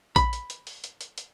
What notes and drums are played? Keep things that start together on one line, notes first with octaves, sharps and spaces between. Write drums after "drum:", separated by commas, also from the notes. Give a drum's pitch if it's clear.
B5, drum: kick A#1, hi-hat
drum: hi-hat
drum: hi-hat
drum: open hi-hat
drum: hi-hat
drum: hi-hat
drum: hi-hat